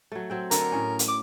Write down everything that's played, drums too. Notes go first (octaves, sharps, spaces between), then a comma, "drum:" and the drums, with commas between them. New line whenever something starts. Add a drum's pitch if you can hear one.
F#3 A3
F#3 C4 G5
D3 D4 A4 A#4, drum: hi-hat
A2 C#4
drum: hi-hat
D6